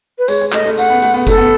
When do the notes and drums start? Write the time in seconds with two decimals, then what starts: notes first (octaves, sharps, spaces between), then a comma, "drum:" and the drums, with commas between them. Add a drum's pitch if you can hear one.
0.18 B4
0.28 G#3 C#5, drum: tambourine
0.41 G#3
0.53 A3 D#5, drum: clap
0.66 A3
0.78 A3 F#5, drum: tambourine
0.90 B3
1.02 A3, drum: tambourine
1.14 B3
1.27 A3 A4, drum: kick F#1, tambourine
1.38 B3